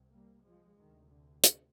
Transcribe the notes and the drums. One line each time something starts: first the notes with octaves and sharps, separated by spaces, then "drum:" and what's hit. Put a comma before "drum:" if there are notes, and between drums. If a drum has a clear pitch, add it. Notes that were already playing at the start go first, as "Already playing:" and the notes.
Already playing: C2 C3
G3 A#3
F3 G#3
D2 C3 D#3
D3
drum: hi-hat